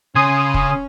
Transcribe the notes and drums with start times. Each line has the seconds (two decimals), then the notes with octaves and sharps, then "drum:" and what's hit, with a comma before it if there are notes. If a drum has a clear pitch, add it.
0.15 C#3 C#4 G#5 C6 D#6
0.54 drum: kick